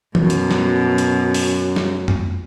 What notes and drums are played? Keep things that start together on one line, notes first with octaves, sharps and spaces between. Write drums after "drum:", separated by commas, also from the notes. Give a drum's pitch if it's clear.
F#2 B2, drum: tom E3
drum: hi-hat
drum: snare
drum: hi-hat
drum: open hi-hat
drum: snare
drum: tom F2